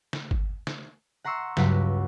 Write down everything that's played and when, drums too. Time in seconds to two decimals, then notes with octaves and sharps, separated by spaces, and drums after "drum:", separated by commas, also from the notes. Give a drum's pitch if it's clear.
0.13 drum: snare
0.31 drum: kick G1
0.67 drum: snare
1.24 F#5 A#5 C6 C#6 E6
1.57 C#2 G2 F#3 F#5 B6, drum: snare